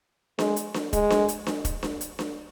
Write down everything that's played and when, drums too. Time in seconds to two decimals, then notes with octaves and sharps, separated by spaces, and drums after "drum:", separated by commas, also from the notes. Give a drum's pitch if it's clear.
0.39 G#3, drum: snare D4
0.56 drum: hi-hat
0.74 drum: snare D4
0.93 G#3, drum: kick E1, hi-hat
1.10 drum: snare D4
1.28 drum: hi-hat
1.47 drum: snare D4
1.65 drum: kick E1, hi-hat
1.83 drum: snare D4
2.01 drum: hi-hat
2.19 drum: snare D4